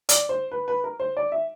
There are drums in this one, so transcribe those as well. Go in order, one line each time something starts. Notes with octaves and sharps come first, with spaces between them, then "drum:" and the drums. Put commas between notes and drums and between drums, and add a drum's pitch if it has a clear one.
D5, drum: hi-hat
C5
B4
B4
A#4
C5
D5
E5